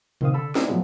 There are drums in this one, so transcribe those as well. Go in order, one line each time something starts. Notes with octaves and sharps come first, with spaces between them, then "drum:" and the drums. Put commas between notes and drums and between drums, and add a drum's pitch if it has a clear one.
A#2 D#3 C4 C5 F5 D#6, drum: tom C3
D3 A4 B5 E6
A3 C4 D#4 E4 D5, drum: snare
A2 F3 F#3 G#3 B3